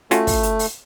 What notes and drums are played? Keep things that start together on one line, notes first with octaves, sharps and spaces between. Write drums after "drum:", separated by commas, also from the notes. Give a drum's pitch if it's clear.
A3 C#4 F4 F#4, drum: hi-hat
drum: kick, open hi-hat
drum: hi-hat
drum: open hi-hat